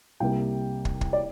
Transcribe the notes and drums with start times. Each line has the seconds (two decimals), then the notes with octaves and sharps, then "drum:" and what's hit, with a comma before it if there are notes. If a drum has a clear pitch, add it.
0.20 C2 C3 G3 A#3 G5
0.85 drum: kick
1.01 drum: kick
1.13 D5